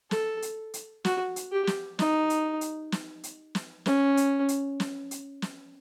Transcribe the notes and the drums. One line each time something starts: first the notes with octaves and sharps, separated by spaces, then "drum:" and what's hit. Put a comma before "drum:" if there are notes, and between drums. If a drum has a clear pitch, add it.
A4, drum: snare
drum: hi-hat
drum: hi-hat
F#4, drum: snare
drum: hi-hat
G4
drum: snare
D#4, drum: snare
drum: hi-hat
drum: hi-hat
drum: snare
drum: hi-hat
drum: snare
C#4, drum: snare
drum: hi-hat
drum: hi-hat
drum: snare
drum: hi-hat
drum: snare